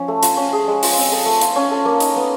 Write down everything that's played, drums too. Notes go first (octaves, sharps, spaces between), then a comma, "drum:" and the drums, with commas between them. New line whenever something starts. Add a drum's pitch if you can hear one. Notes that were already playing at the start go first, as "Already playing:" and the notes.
Already playing: F3 C#4
A3
F4, drum: hi-hat
C#4
G#4
G#3
F4, drum: open hi-hat
C4
A4
A3
F4, drum: hi-hat
C#4
A4
A#3
D#4, drum: hi-hat
B3